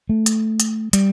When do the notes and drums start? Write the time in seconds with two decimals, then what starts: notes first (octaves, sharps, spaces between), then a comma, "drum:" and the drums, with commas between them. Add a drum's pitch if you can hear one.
0.09 A3
0.26 drum: hi-hat
0.60 drum: hi-hat
0.93 G3, drum: hi-hat